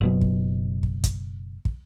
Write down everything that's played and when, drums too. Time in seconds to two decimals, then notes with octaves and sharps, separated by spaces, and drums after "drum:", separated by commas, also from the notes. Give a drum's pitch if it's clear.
0.01 F#1 B2 F#3
0.21 drum: kick
0.83 drum: kick
1.04 drum: kick, hi-hat
1.65 drum: kick